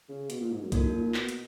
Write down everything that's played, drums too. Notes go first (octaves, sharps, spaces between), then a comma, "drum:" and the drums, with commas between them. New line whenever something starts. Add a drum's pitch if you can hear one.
C#3
B2, drum: hi-hat
A#2
G#2
F#2
F2 A#3 D#4 A#4, drum: kick, hi-hat
F#2
A#2
A#2
B2, drum: clap
drum: hi-hat